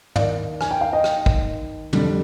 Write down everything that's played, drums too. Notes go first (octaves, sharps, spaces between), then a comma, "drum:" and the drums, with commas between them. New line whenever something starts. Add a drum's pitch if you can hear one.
D#2 D#3 A#3 D#4 D5 F5, drum: tom
G#5, drum: rim click
G5
F5
D#5 G5
drum: rim click
drum: kick
F2 D3 G3, drum: tom